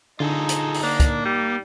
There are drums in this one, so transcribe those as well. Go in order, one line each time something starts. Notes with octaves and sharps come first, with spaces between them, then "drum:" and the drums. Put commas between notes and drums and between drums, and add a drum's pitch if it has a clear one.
D3 D#4 F4 G#4 A4
drum: hi-hat
drum: open hi-hat
A#3 D4
drum: kick, hi-hat
G3